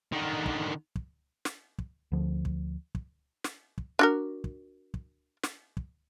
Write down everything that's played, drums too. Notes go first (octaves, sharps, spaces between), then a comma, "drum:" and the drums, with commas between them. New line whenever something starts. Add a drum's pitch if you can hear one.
D3 D#3
drum: kick
drum: kick
drum: snare
drum: kick
D2 D3 F3
drum: kick
drum: kick
drum: snare
drum: kick
D4 F#4 A#4
drum: kick
drum: kick
drum: snare
drum: kick